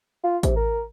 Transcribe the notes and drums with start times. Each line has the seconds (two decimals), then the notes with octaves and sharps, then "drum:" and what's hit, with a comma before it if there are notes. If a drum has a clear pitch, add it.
0.23 F4
0.43 C3, drum: kick, hi-hat
0.56 A#4